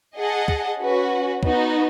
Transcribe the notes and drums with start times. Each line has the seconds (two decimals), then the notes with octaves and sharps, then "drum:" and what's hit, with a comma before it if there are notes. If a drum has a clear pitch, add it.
0.16 G#4 D#5 F#5 A5
0.48 drum: kick
0.80 C#4 F#4 B4
1.43 B3 D#4 F#4, drum: kick